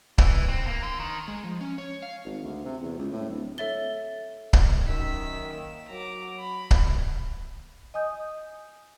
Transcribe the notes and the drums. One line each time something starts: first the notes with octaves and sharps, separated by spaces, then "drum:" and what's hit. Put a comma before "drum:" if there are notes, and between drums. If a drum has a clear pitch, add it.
E3, drum: kick C#1
C4
A#3
D3
D#3
G#3
F3
C#4
C#5
F5
G#1
D2
C3
E2
C#2
A2
D1
A4 C#5 E5 A6 G7
drum: kick C#1
F#2 D#3 E6 B6
A#3 E7
F#3 A#5 D6
B5
drum: kick C#1
D#5 G#5 D#6 G6